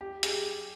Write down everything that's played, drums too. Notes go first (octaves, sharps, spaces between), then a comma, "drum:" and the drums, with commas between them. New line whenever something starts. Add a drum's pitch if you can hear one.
G4
G#4, drum: hi-hat